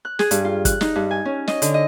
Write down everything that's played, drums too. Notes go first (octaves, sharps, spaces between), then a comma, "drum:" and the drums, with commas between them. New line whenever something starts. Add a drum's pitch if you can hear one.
F#6
G#4, drum: snare
G2, drum: hi-hat
F4
F#6, drum: kick, hi-hat
D#4, drum: snare
G2
G#5
C#4
D#5, drum: snare
D3, drum: hi-hat
D#5